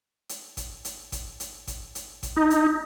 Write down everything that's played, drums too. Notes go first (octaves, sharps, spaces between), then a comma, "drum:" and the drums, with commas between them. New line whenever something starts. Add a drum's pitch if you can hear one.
drum: hi-hat
drum: kick G1, hi-hat
drum: hi-hat
drum: kick G1, hi-hat
drum: hi-hat
drum: kick G1, hi-hat
drum: hi-hat
drum: kick G1, hi-hat
D#4
drum: hi-hat